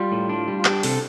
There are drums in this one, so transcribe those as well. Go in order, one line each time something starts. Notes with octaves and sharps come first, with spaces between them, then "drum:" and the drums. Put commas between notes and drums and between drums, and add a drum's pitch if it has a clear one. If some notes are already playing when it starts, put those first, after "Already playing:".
Already playing: G3 F4
A2
D4
G3
F4
D4 G4, drum: clap
C3 A4, drum: open hi-hat